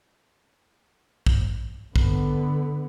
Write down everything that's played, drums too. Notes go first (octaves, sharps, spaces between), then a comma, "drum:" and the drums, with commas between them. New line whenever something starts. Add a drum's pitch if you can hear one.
drum: kick
D3 B3, drum: kick